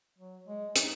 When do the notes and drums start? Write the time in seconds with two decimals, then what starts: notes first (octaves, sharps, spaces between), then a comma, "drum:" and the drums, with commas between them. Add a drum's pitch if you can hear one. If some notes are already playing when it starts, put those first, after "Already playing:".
0.18 F#3
0.48 G#3
0.76 D#4, drum: hi-hat